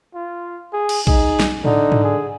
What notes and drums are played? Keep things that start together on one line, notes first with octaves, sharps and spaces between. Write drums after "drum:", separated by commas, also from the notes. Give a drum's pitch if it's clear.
F4
G#4
drum: cymbal
D#4 G#4, drum: kick A#1
drum: snare
D3 D#4, drum: tom A2
drum: tom G#2
G#4